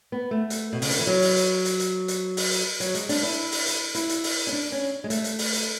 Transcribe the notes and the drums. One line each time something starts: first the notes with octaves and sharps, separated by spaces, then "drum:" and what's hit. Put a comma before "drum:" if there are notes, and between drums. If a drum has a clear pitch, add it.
B3
A3
drum: hi-hat
B2
C#3, drum: open hi-hat
D3, drum: hi-hat
E3
F#3
drum: open hi-hat
drum: hi-hat
drum: hi-hat
drum: hi-hat
drum: hi-hat
drum: open hi-hat
drum: hi-hat
F#3, drum: hi-hat
G#3, drum: hi-hat
D4, drum: open hi-hat
E4
drum: open hi-hat
drum: hi-hat
E4, drum: hi-hat
drum: hi-hat
drum: open hi-hat
C#4
D4
C#4
G#3
A3, drum: hi-hat
drum: hi-hat
drum: open hi-hat
drum: hi-hat